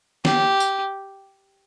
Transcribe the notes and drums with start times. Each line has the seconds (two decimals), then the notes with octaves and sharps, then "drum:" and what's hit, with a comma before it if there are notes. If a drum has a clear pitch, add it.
0.25 G4, drum: snare
0.60 drum: tambourine